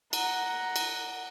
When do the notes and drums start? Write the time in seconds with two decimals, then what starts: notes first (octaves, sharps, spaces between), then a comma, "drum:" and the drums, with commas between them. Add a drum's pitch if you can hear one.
0.13 F#5 A#5, drum: cymbal
0.76 drum: cymbal